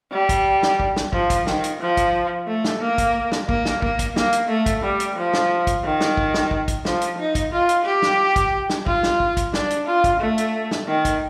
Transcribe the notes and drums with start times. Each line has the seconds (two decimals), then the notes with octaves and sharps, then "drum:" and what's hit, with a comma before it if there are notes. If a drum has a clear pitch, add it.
0.12 G3
0.29 drum: kick, hi-hat
0.63 drum: snare
0.80 drum: kick
0.96 drum: snare
1.13 F3, drum: kick
1.30 drum: kick, hi-hat
1.47 D#3, drum: snare
1.64 drum: hi-hat
1.81 F3
1.97 drum: kick, hi-hat
2.47 A3
2.64 drum: snare
2.81 A#3
2.98 drum: kick, hi-hat
3.32 drum: snare
3.49 A#3, drum: kick
3.65 drum: snare
3.82 A#3, drum: kick
3.99 drum: kick, hi-hat
4.16 A#3, drum: snare
4.33 drum: hi-hat
4.49 A3
4.66 drum: kick, hi-hat
4.83 G3
5.00 drum: hi-hat
5.16 F3
5.33 drum: snare
5.67 drum: kick, hi-hat
5.84 D#3
6.01 drum: snare
6.17 drum: kick
6.34 drum: snare
6.51 drum: kick
6.68 drum: kick, hi-hat
6.85 F3, drum: snare
7.01 drum: hi-hat
7.19 D#4
7.35 drum: kick, hi-hat
7.52 F4
7.69 drum: hi-hat
7.85 G4
8.02 drum: snare
8.36 drum: kick, hi-hat
8.70 drum: snare
8.86 F4, drum: kick
9.03 drum: snare
9.20 drum: kick
9.37 drum: kick, hi-hat
9.54 D4, drum: snare
9.70 drum: hi-hat
9.87 F4
10.04 drum: kick, hi-hat
10.20 A3
10.38 drum: hi-hat
10.71 drum: snare
10.88 D#3
11.05 drum: kick, hi-hat